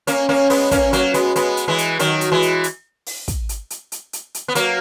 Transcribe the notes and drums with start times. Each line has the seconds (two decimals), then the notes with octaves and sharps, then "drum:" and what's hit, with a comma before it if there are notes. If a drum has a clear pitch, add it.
0.07 A#3 C#4, drum: hi-hat
0.29 A#3 C#4
0.50 G#3 B3, drum: open hi-hat
0.71 A#3 C#4, drum: kick, hi-hat
0.93 F#3 A#3, drum: hi-hat
1.14 G#3 B3, drum: hi-hat
1.36 G#3 B3, drum: hi-hat
1.57 drum: hi-hat
1.68 E3 G#3
1.78 drum: hi-hat
1.99 D#3 F#3, drum: hi-hat
2.21 drum: hi-hat
2.32 E3 G#3
2.42 drum: hi-hat
2.64 drum: hi-hat
3.06 drum: open hi-hat
3.28 drum: kick, hi-hat
3.49 drum: hi-hat
3.70 drum: hi-hat
3.92 drum: hi-hat
4.13 drum: hi-hat
4.35 drum: hi-hat
4.48 B3
4.55 F#3 A#3, drum: hi-hat